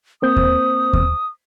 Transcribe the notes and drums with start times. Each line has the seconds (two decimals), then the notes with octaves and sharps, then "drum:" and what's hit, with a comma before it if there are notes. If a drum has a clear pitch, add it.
0.22 A#3 C4 C5 D#6 G6
0.37 drum: kick D#2
0.93 drum: kick D#2